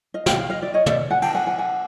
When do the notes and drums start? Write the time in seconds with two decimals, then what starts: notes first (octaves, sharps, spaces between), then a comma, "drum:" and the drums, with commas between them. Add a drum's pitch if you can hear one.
0.14 D#5 F5
0.26 F5 G5, drum: snare
0.38 F5 G5
0.50 D#5 F5
0.62 D5 E5
0.74 C#5 D#5
0.86 D5 E5, drum: tom
1.11 F#5 G#5
1.22 G5 A5, drum: cymbal
1.34 F#5 G#5
1.46 F#5 G#5
1.58 F#5 G#5